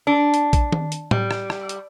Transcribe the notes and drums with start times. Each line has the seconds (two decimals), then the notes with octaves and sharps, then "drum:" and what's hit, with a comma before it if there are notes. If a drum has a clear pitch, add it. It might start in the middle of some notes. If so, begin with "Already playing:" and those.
0.07 D4
0.34 drum: hi-hat
0.53 drum: kick A#1, hi-hat
0.72 drum: tom D#3
0.92 drum: hi-hat
1.11 G3, drum: tom A2
1.31 drum: rim click
1.50 drum: rim click
1.69 drum: hi-hat